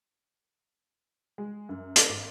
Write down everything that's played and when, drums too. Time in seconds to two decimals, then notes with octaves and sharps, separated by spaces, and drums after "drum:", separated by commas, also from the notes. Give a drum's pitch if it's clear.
1.38 G#3
1.69 F#2
1.96 D6, drum: hi-hat
2.09 G#1